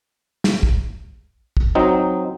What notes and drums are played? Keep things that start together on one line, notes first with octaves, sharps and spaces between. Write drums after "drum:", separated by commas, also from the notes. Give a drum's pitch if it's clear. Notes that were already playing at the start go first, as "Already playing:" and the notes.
drum: snare
drum: kick
drum: kick
F#3 C4 D#4